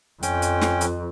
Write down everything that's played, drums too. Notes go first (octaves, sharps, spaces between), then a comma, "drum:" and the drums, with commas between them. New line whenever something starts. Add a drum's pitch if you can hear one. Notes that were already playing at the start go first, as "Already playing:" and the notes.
F2 C#4 G5, drum: hi-hat
drum: hi-hat
drum: snare
drum: hi-hat